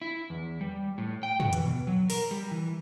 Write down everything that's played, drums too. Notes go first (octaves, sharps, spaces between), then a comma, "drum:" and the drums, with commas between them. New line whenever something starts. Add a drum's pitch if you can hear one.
E4
E2
G3
A2
G5
F#4, drum: tom
E3, drum: hi-hat
B2
F#3
A#4, drum: open hi-hat
G3
E3